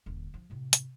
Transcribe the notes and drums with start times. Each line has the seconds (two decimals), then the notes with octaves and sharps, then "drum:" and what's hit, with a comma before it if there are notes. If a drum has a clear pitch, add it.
0.06 D#1 D3
0.34 F3
0.50 A2 C3
0.73 drum: hi-hat